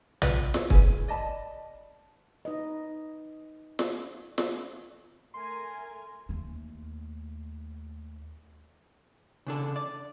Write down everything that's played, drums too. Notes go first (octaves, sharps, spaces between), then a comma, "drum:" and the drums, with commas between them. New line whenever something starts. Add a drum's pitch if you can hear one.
F4 B4, drum: tom A#1
E4 C#5, drum: snare
G#4 B4, drum: kick
D5 D#5 A5 B5
D#4 B4 D#5
drum: snare
drum: snare
A3 A#4 G#5 C6
D#2 A3
C#3 D4 A4
D5